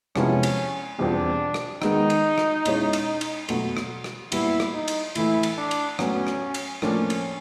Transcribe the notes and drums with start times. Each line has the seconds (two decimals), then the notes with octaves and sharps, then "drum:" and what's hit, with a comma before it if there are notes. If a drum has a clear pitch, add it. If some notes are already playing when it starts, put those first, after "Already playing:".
0.16 C3 F3 G#3 B3 C#4 E4, drum: rim click
0.43 drum: cymbal
0.99 E2 B2 G3 C4 D4 F4
1.54 drum: rim click
1.82 D#3 G#3 B3 D#4, drum: rim click
2.10 drum: cymbal
2.38 drum: rim click
2.65 B2 G#3 C#4 E4, drum: cymbal
2.93 drum: cymbal
3.21 drum: cymbal
3.49 B2 F#3 A3, drum: cymbal
3.77 drum: rim click
4.04 drum: rim click
4.32 A#2 G3 B3 E4, drum: cymbal
4.60 drum: rim click
4.74 D#4
4.88 drum: cymbal
5.15 A2 E3 A3 E4, drum: cymbal
5.43 drum: cymbal
5.57 D4
5.71 drum: cymbal
5.99 A2 F#3 B3 C#4, drum: rim click
6.27 drum: rim click
6.54 drum: cymbal
6.82 A2 F3 A#3 C#4 D4, drum: rim click
7.10 drum: cymbal